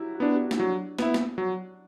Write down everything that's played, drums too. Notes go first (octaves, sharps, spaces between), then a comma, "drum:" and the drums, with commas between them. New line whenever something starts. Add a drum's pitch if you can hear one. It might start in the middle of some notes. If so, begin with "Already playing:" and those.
Already playing: F#3 E4 F#4 G4
F#4
B3 D4 E4
G4
F#4
E4, drum: snare
F#3 D4
B3 E4, drum: snare
drum: snare
F#3